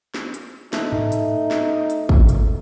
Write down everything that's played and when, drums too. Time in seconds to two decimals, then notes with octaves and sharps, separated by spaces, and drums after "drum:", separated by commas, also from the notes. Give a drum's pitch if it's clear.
0.14 drum: snare
0.34 drum: hi-hat
0.73 A3 D#4, drum: snare
0.92 drum: tom G#2
1.12 drum: hi-hat
1.51 drum: snare
1.90 drum: hi-hat
2.09 drum: kick
2.29 drum: hi-hat